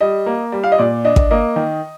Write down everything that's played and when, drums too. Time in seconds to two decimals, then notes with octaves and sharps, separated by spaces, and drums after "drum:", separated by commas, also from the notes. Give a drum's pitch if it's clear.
0.01 G3 D#5
0.26 A#3
0.52 G3
0.64 F5
0.72 D#5
0.78 A#2 D5
1.05 D4 D#5
1.16 drum: kick
1.31 A#3 D#5
1.56 D#3